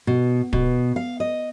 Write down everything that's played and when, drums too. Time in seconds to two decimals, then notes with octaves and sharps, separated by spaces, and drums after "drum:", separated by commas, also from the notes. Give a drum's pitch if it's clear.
0.07 B2
0.53 B2, drum: kick D1
0.96 F5
1.20 D#5